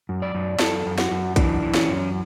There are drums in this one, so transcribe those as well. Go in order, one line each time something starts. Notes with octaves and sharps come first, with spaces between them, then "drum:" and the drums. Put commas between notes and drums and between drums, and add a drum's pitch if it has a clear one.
F#2
D5
F#2
F#2 A4, drum: snare
F#2
F#4, drum: snare
F#2
E3 D4, drum: kick, hi-hat
E3
C#4, drum: snare
F#2